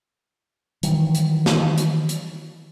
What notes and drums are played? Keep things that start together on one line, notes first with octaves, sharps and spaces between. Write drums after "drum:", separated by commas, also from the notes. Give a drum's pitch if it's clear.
D#3 E3 F#3 G3, drum: hi-hat
drum: hi-hat
drum: snare
drum: hi-hat
drum: hi-hat